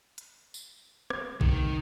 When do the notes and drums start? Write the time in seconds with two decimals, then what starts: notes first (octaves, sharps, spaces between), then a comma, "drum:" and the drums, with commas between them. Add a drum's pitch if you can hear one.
0.18 drum: hi-hat
0.54 drum: tambourine
1.10 drum: rim click
1.41 C3 D#3, drum: kick A#1